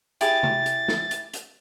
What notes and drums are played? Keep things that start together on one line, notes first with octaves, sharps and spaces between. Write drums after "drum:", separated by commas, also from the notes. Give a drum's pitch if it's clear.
E4 G4 G#4 A6, drum: hi-hat
drum: tom
drum: hi-hat
drum: snare
drum: hi-hat
drum: hi-hat